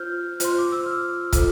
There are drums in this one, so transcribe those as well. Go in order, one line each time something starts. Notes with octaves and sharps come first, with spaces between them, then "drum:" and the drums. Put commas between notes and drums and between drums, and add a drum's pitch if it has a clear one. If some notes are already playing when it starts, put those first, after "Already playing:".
Already playing: F4 C5 F6 G6
F4 C5 C6, drum: hi-hat
D6
E6
F6
F4 A4 C5, drum: kick, hi-hat